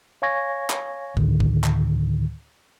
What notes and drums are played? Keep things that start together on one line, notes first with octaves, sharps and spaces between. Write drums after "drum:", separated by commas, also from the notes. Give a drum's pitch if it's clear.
C#5 F5 G#5 C#6 G#6 A#6
drum: clap
D2 A2 D3 D#3, drum: kick
drum: kick
drum: clap